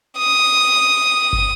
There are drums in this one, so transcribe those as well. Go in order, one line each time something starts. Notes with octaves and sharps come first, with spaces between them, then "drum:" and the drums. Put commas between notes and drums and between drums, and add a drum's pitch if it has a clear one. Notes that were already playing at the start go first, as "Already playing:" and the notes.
D#6
drum: kick